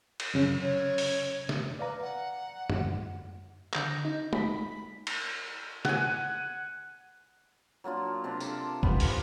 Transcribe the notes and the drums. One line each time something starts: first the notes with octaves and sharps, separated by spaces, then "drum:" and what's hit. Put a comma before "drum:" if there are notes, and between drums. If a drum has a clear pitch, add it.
drum: cymbal
F#2 C#3 C#4
C#5
drum: open hi-hat
drum: snare
B4 D5 F5 A#5
F#5
drum: tom F#2
D3 G6 A#6, drum: clap
D#4
B5 B6, drum: tom
drum: cymbal
F#5 G#5, drum: snare
F#3 A#3 D4 F4
C3 D4 A#4 C6
A4 D5, drum: tambourine
B3 G4 A#4, drum: kick F1
F3 F5 G#5, drum: open hi-hat